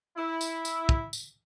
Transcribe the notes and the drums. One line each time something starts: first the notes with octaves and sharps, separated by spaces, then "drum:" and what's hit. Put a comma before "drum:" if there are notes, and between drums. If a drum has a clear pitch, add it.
E4
drum: tambourine
drum: tambourine
drum: kick
drum: tambourine